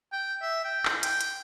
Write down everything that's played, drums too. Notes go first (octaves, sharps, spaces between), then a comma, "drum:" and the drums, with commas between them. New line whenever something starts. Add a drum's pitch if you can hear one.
G5
E5
G5
drum: clap
G5, drum: hi-hat
drum: hi-hat